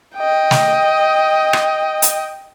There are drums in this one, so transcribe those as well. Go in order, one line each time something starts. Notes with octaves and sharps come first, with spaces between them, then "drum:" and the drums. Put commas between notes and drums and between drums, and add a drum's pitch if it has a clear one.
D#5 G5
drum: snare
drum: rim click
drum: hi-hat